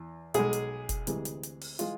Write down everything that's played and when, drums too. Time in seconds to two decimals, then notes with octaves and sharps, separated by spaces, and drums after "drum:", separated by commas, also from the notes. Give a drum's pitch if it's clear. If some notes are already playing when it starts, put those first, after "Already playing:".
Already playing: E2
0.34 B1 B2 G#3 G#4, drum: hi-hat
0.53 drum: hi-hat
0.89 drum: kick, hi-hat
1.07 D2 C3 E3 G#3, drum: hi-hat
1.25 drum: hi-hat
1.43 drum: hi-hat
1.61 drum: open hi-hat
1.79 E3 G#3 F4, drum: hi-hat